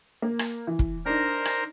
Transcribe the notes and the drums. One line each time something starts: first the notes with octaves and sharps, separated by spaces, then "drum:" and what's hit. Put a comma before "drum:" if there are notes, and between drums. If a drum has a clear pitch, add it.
A#3
drum: rim click
E3
drum: kick
D4 D#4 A#4 C5 A#6
drum: rim click